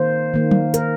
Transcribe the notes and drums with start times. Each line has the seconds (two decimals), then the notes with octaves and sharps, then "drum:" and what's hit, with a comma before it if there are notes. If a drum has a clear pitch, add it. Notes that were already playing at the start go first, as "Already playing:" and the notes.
Already playing: D#3 A#3 C5
0.34 D#3 A#3
0.51 drum: tom F#3
0.74 A#4, drum: hi-hat